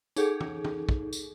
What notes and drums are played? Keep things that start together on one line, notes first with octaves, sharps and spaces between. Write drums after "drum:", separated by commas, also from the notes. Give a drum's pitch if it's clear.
D#4 G#4 A4, drum: tambourine
drum: tom
drum: tom
drum: kick
drum: tambourine